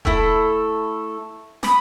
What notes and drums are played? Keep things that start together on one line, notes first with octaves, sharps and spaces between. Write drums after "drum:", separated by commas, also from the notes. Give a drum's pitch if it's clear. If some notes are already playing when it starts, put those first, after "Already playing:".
A3 E4 A4 E6, drum: kick E1
B5 D#6, drum: snare